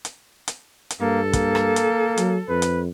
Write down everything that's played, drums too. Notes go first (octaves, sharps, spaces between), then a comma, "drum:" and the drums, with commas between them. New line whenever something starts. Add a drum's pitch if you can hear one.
drum: hi-hat
drum: hi-hat
drum: hi-hat
G2 A#3 A4
A#3, drum: kick, hi-hat
drum: rim click
drum: hi-hat
F#3, drum: hi-hat
F2 B4
drum: hi-hat